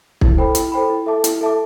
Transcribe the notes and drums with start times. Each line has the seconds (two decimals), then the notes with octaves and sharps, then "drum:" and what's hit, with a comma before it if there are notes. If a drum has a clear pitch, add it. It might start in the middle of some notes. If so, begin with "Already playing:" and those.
0.21 E4, drum: kick
0.38 A4 C5 G5 B5
0.55 E4, drum: hi-hat
0.72 A4 C5 G5 B5
0.90 E4
1.06 A4 E5 A5 D6
1.24 E4, drum: hi-hat
1.41 A4 E5 A5 D6